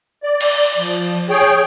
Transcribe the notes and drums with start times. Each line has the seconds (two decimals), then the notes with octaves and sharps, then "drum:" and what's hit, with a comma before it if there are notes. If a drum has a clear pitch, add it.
0.23 D5
0.41 drum: cymbal
0.78 F3
1.30 G#4 C#5 G5